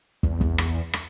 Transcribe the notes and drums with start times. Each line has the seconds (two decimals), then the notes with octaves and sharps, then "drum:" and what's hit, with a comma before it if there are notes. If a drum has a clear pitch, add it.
0.23 E2, drum: kick
0.41 drum: kick
0.58 drum: rim click
0.93 drum: rim click